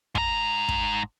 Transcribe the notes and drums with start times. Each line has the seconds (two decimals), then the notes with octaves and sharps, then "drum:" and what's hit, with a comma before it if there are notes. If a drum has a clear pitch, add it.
0.15 G#2 A#5, drum: kick
0.68 drum: kick